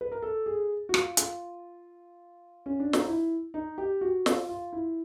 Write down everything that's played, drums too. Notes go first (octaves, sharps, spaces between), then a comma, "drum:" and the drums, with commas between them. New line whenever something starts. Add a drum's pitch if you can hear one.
B4
A#4
A4
G#4
F#4
F4, drum: rim click
F4, drum: hi-hat
C#4
D4
D#4, drum: snare
E4
D#4
G4
F#4
F4, drum: snare
F4
E4